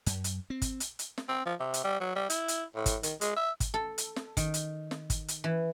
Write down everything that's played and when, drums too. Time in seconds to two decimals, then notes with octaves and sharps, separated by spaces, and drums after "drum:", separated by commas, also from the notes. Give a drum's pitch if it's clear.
0.06 F#2, drum: hi-hat
0.24 drum: hi-hat
0.50 C4
0.62 drum: kick, hi-hat
0.80 drum: hi-hat
0.99 drum: hi-hat
1.18 drum: snare
1.29 C4
1.46 F3
1.60 C3
1.74 drum: hi-hat
1.84 G3
2.01 F#3
2.16 G3
2.30 E4, drum: hi-hat
2.48 drum: hi-hat
2.76 A2
2.86 drum: kick, hi-hat
3.03 D#3, drum: hi-hat
3.21 G#3, drum: hi-hat
3.36 E5
3.60 drum: kick, hi-hat
3.74 A4
3.98 drum: hi-hat
4.16 drum: snare
4.37 D#3, drum: kick, hi-hat
4.54 drum: hi-hat
4.91 drum: snare
5.10 drum: kick, hi-hat
5.28 drum: hi-hat
5.44 E3